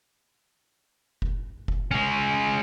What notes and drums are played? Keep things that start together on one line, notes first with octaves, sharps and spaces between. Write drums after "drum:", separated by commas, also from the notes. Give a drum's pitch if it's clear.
drum: kick F1
drum: kick F1
G#3 C#4